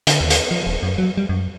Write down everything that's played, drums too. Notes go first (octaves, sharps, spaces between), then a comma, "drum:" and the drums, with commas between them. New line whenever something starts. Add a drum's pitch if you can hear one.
D3, drum: hi-hat
D#2
drum: hi-hat
F3
D#1
F#2
F#3
G3
F#2